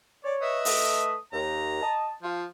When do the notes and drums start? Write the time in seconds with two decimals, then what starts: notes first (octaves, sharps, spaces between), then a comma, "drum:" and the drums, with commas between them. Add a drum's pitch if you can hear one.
0.24 C#5 D5
0.42 B4 D#5 E5
0.65 A3 D#6, drum: open hi-hat
1.33 D#2 A#5
1.81 D#5 A5
2.23 F3 F4